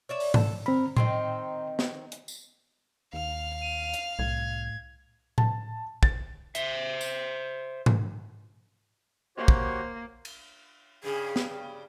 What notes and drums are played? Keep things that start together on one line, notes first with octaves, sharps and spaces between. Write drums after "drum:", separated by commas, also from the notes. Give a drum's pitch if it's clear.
C#5 D5 E5
drum: open hi-hat
A4, drum: tom G#2
C4 A#4 B5
D#3 C4 D#4 C6, drum: tom A2
drum: snare
drum: hi-hat
drum: tambourine
D#2 F5 F6
D#7
drum: hi-hat
C2 A2 G#6
A5, drum: tom A2
A6, drum: kick
C5 E5, drum: hi-hat
drum: tambourine
drum: tom G#2
A#3 F#4 G4 C5 C#5
drum: kick
drum: cymbal
G2 C#3 G#4
drum: snare